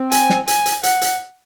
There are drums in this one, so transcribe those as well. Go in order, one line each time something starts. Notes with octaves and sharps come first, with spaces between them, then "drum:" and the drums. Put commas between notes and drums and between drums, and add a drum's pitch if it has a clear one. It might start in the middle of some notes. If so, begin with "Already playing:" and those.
Already playing: C4
G#5, drum: hi-hat
drum: snare
G#5, drum: hi-hat
drum: hi-hat
F#5, drum: hi-hat
drum: hi-hat